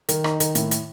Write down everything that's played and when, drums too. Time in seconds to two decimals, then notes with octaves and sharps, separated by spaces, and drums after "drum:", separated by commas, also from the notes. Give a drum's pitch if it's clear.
0.09 D#3, drum: hi-hat
0.24 D#4, drum: rim click
0.40 D#3, drum: hi-hat
0.55 A2, drum: hi-hat
0.71 drum: hi-hat